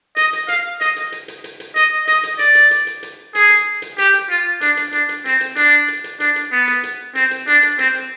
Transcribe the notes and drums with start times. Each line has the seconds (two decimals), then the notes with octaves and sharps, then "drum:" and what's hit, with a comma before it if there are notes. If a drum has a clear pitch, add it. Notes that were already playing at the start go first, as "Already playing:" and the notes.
0.17 D#5, drum: hi-hat
0.33 drum: hi-hat
0.48 F5, drum: hi-hat
0.81 D#5, drum: hi-hat
0.96 drum: hi-hat
1.12 drum: hi-hat
1.28 drum: hi-hat
1.44 drum: hi-hat
1.60 drum: hi-hat
1.76 D#5, drum: hi-hat
2.07 D#5, drum: hi-hat
2.23 drum: hi-hat
2.39 D5, drum: hi-hat
2.55 drum: hi-hat
2.71 drum: hi-hat
2.87 drum: hi-hat
3.03 drum: hi-hat
3.35 G#4, drum: hi-hat
3.50 drum: hi-hat
3.82 drum: hi-hat
3.98 G4, drum: hi-hat
4.14 drum: hi-hat
4.30 F4
4.61 D4, drum: hi-hat
4.77 drum: hi-hat
4.92 D4, drum: hi-hat
5.09 drum: hi-hat
5.25 C4, drum: hi-hat
5.41 drum: hi-hat
5.56 D4, drum: hi-hat
5.88 drum: hi-hat
6.04 drum: hi-hat
6.20 D4, drum: hi-hat
6.36 drum: hi-hat
6.52 B3
6.68 drum: hi-hat
6.83 drum: hi-hat
7.15 C4, drum: hi-hat
7.31 drum: hi-hat
7.47 D4, drum: hi-hat
7.63 drum: hi-hat
7.79 C4, drum: hi-hat
7.95 drum: hi-hat